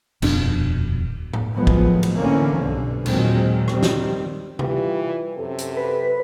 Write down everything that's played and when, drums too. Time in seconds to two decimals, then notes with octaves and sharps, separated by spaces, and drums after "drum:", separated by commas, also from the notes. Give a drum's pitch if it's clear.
0.22 D#1 F2 B2 D4, drum: cymbal
1.34 drum: tom A2
1.52 A2 D#3 F3 F#3 G#3 B3
1.67 drum: kick
2.03 drum: cymbal
2.16 D3 E3 A#3 C4 C#4
2.62 B1 G2 B2 D3
3.06 D#2 A#2 D#3 F#3 G#3 C4, drum: cymbal
3.68 D#3 G3 C4, drum: rim click
3.83 drum: snare
4.59 E3 G3 F4 G4, drum: tom C3
5.38 F#2 C3 A4
5.58 drum: hi-hat
5.77 B4